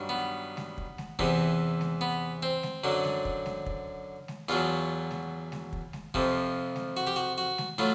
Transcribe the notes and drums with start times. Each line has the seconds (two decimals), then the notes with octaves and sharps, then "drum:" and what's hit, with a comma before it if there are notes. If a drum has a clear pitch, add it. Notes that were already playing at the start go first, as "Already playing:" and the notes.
Already playing: G2 D#3 F#3
0.09 B3
0.57 drum: snare G#3
0.78 drum: kick
0.98 drum: snare G#3
1.19 E2 C3 E3, drum: kick
1.81 drum: snare G#3
2.01 B3
2.43 C4
2.63 drum: snare G#3
2.84 F#2 D3 F#3
3.04 drum: snare G#3
3.25 drum: kick
3.46 drum: snare G#3
3.66 drum: kick
4.28 drum: snare G#3
4.49 E2 B2 F#3 F4
5.11 drum: snare G#3
5.52 drum: snare G#3
5.73 drum: kick
5.93 drum: snare G#3
6.14 F2 C3 F3, drum: kick
6.76 drum: snare G#3
6.97 F#4
7.07 G4
7.16 F#4
7.38 F#4
7.58 drum: snare G#3
7.78 A2 F#3 F4